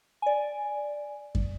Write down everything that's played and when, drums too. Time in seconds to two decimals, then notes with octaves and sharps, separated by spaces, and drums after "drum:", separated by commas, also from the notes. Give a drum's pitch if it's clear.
0.22 D5 G#5
1.35 drum: kick F#2